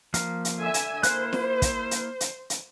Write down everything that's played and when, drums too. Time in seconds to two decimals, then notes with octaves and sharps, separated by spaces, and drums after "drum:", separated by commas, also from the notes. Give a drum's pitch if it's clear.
0.14 F3 A#3 F5, drum: hi-hat
0.45 drum: hi-hat
0.60 D3 E5 G#5
0.74 drum: hi-hat
1.03 A#3 E4 C5 F#6, drum: hi-hat
1.33 drum: snare
1.62 drum: kick, hi-hat
1.91 drum: hi-hat
2.20 drum: hi-hat
2.50 drum: hi-hat